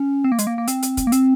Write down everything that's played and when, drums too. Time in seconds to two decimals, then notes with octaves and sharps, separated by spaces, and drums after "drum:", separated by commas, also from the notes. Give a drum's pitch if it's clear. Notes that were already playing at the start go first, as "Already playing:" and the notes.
Already playing: C#4
0.24 C4
0.32 A#3
0.39 G#3, drum: hi-hat
0.47 A#3
0.58 A#3
0.68 C4, drum: hi-hat
0.83 drum: hi-hat
0.97 drum: kick, hi-hat
1.07 A#3
1.12 C4, drum: hi-hat